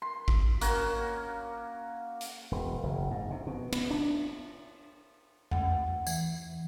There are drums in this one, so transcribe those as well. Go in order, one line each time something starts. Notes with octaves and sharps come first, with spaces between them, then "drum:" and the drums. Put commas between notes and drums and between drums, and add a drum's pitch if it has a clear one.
C6
drum: kick G#1
A#3 C#4 F#4 A#4, drum: hi-hat
drum: hi-hat
E1
F#1
G#2
C3
B2
B3, drum: cymbal
D4
F#5, drum: tom E2
E3, drum: tambourine